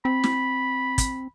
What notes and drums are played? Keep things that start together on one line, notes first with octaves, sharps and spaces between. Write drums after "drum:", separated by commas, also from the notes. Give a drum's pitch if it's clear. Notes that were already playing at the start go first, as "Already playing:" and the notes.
C4 B5
drum: snare
drum: kick, hi-hat